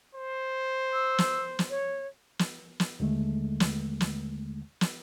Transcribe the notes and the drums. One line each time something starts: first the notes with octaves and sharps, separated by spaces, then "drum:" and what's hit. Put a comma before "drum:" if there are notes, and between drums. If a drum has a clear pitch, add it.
C5
E6
drum: snare
drum: snare
C#5
drum: snare
drum: snare
D#2 D3 G#3 A3
drum: snare
drum: snare
drum: snare